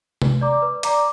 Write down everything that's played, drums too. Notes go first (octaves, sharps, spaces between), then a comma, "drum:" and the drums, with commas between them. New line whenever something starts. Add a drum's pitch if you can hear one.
B4, drum: tom C3
D5 A#5 D6
B4
D5 A#5 D6, drum: hi-hat